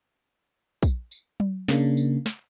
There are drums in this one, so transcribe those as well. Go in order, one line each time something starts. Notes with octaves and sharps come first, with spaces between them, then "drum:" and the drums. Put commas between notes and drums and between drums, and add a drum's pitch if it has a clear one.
drum: kick, tambourine
drum: tambourine
drum: tom F#3
C#3 A#3 D4, drum: snare
drum: tambourine
drum: snare